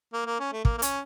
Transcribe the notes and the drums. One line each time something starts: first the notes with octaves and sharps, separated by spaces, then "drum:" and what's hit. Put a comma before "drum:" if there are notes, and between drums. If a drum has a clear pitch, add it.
A#3
A#3
C#4
A3
A#3, drum: kick
A#3
C#4, drum: hi-hat